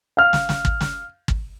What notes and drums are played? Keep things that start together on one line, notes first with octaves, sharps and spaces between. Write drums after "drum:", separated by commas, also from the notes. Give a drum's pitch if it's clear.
F5 F6
drum: snare
drum: snare
drum: kick
drum: snare
drum: kick